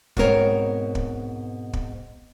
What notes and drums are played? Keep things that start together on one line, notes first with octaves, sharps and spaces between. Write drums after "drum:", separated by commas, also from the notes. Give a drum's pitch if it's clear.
G#2 B2 C4 A#4 C#5, drum: kick
drum: kick
drum: kick